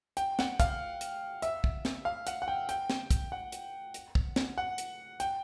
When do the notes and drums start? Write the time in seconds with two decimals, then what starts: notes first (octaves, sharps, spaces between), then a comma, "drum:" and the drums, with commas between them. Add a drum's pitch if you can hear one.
0.17 G5, drum: hi-hat
0.39 F#5, drum: snare
0.60 F5, drum: kick, hi-hat
1.01 drum: hi-hat
1.42 E5, drum: hi-hat
1.64 drum: kick
1.85 drum: snare
2.05 F5
2.27 F#5, drum: hi-hat
2.42 F#5
2.48 G5
2.69 G5, drum: hi-hat
2.90 drum: snare
3.11 drum: kick, hi-hat
3.32 F#5
3.52 drum: hi-hat
3.94 drum: hi-hat
4.15 drum: kick
4.36 drum: snare
4.58 F#5
4.78 drum: hi-hat
5.20 G5, drum: hi-hat